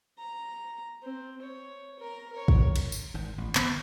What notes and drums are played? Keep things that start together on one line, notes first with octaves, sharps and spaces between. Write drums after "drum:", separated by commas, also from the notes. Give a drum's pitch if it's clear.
A#5
C4
C#5
A#4 A#5
A#4 C#5
drum: kick
drum: cymbal
drum: tambourine
G#1 G#2
A1
G1 D#3 B3 C4, drum: clap